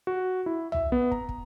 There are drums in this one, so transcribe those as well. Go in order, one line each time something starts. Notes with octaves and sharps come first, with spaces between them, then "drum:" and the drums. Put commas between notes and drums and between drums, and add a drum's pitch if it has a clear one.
F#4
E4
E5, drum: tom C2
B3
A#5, drum: kick
drum: kick